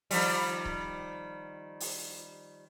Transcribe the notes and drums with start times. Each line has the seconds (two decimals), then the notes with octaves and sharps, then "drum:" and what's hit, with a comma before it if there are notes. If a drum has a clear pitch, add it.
0.11 D#3 F3 G3, drum: open hi-hat
0.65 drum: kick C#1
1.80 drum: open hi-hat